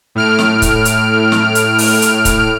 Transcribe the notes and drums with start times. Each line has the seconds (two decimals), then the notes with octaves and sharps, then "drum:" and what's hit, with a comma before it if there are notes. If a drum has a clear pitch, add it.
0.15 A2 F6 D7
0.39 drum: snare
0.62 drum: kick C#1, hi-hat
0.85 drum: hi-hat
1.32 drum: snare
1.55 drum: hi-hat
1.78 drum: open hi-hat
2.02 drum: hi-hat
2.25 drum: kick C#1, hi-hat